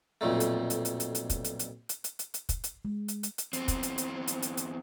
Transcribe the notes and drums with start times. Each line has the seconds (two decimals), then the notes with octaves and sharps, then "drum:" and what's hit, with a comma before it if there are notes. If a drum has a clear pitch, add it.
0.21 B1 F2 A#2 A3
0.40 drum: hi-hat
0.70 drum: hi-hat
0.85 drum: hi-hat
1.00 drum: hi-hat
1.15 drum: hi-hat
1.30 drum: kick, hi-hat
1.45 drum: hi-hat
1.59 drum: hi-hat
1.89 drum: hi-hat
2.04 drum: hi-hat
2.19 drum: hi-hat
2.34 drum: hi-hat
2.49 drum: kick, hi-hat
2.64 drum: hi-hat
2.85 G#3
3.08 drum: hi-hat
3.23 drum: hi-hat
3.38 drum: hi-hat
3.53 E2 C4, drum: hi-hat
3.68 drum: kick, hi-hat
3.83 drum: hi-hat
3.98 drum: hi-hat
4.28 drum: hi-hat
4.43 drum: hi-hat
4.57 drum: hi-hat